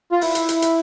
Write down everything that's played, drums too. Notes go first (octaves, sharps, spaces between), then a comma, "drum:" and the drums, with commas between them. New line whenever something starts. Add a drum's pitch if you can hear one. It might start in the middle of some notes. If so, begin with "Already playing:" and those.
F4
E4, drum: open hi-hat
drum: hi-hat
drum: hi-hat
drum: hi-hat